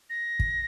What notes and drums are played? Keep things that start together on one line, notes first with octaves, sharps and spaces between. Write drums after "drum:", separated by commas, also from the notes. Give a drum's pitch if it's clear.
A#6
drum: kick